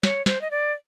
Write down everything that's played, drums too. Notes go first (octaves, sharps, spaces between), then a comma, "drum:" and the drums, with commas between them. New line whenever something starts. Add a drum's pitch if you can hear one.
C#5, drum: snare
C5, drum: snare
D#5
D5